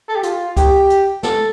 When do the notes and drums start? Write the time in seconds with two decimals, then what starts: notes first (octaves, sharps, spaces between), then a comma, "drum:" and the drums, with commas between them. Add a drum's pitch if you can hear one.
0.09 A4
0.16 G4
0.23 F4, drum: hi-hat
0.57 G4, drum: kick C#2, hi-hat
0.90 drum: hi-hat
1.23 A4, drum: snare